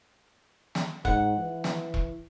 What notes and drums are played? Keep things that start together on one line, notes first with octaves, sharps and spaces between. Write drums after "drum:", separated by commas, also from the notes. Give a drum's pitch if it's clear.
drum: snare
G#2 F#5, drum: kick E1
E3
drum: snare
drum: kick E1